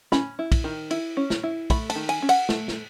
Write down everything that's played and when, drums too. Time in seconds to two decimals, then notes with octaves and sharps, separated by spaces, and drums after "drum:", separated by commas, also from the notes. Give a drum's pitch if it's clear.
0.12 C#4 B5, drum: snare
0.39 E4
0.52 drum: kick, cymbal
0.64 D#3
0.91 E4, drum: cymbal
1.17 C#4
1.30 drum: snare
1.43 E4
1.70 A3 B5, drum: kick, cymbal
1.90 A5, drum: cymbal
1.95 D#3
2.09 G#5, drum: cymbal
2.22 C#4
2.29 F#5, drum: cymbal
2.49 A3, drum: snare
2.68 drum: snare